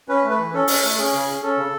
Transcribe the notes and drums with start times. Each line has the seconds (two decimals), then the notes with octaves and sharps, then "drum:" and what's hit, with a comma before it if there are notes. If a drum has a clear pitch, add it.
0.09 C#4 B4
0.23 A3
0.30 B4
0.38 E3
0.53 C#4 A4
0.68 C#4, drum: open hi-hat
0.83 A3
0.98 C#4 G#4
1.13 C#3
1.28 C#4
1.42 C#4 A4
1.57 C#3